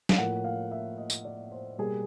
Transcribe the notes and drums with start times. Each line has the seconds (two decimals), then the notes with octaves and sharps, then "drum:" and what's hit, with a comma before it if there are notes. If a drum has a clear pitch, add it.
0.09 F5, drum: snare
0.18 A2 F3 A#3 F#5
0.44 F5
0.71 E5
0.98 D#5
1.10 drum: tambourine
1.25 D5
1.52 C5
1.78 B2 G3 A#3 G#4